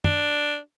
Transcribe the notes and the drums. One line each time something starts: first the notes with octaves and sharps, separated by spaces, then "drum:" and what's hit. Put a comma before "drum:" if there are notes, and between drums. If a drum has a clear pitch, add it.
D4, drum: tom